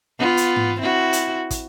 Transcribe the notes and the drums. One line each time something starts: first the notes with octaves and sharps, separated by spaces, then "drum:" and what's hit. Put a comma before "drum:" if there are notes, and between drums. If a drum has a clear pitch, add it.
B3 F4
drum: hi-hat
drum: tom G#2
C4 E4 F#4
drum: hi-hat
drum: kick, hi-hat